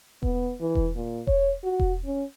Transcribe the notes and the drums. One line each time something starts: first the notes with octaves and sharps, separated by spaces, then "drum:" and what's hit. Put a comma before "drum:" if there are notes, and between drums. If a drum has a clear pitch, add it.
B3, drum: kick E1
E3
drum: kick E1
A#2
C#5, drum: kick E1
F#4
drum: kick E1
C#4